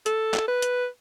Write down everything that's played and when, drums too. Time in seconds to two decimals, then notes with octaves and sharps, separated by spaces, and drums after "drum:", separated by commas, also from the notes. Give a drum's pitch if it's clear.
0.06 A4, drum: hi-hat
0.34 drum: clap
0.48 B4
0.62 drum: hi-hat